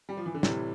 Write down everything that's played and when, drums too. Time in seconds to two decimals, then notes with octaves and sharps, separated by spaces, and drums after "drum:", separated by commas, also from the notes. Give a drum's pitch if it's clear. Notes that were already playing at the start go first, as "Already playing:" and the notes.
0.09 G3
0.17 F3
0.26 E3
0.35 D3
0.43 A2 C3 E3 G3, drum: snare